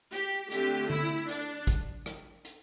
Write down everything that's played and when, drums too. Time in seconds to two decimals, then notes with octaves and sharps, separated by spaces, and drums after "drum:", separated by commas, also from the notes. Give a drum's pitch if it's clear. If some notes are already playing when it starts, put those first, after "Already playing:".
0.12 G4, drum: hi-hat
0.51 D3 A3 C4 G4, drum: hi-hat
0.90 E4, drum: tom D3
1.29 D4, drum: hi-hat
1.67 drum: kick A1, hi-hat
2.06 drum: rim click
2.45 drum: hi-hat